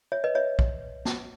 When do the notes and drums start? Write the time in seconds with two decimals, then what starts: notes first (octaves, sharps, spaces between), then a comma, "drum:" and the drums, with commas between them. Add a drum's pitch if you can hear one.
0.12 C#5 E5
0.24 B4 D#5
0.35 C#5 E5
0.59 drum: kick
1.05 drum: snare